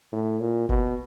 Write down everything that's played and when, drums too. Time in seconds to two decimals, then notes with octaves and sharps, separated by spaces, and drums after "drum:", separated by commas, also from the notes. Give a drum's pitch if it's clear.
0.12 A2
0.40 A#2
0.69 B2, drum: kick F#1